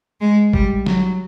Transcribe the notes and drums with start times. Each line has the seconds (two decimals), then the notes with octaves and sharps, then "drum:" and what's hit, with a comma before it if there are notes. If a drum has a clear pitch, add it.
0.21 G#3
0.53 G3, drum: kick G#1
0.86 F#3, drum: snare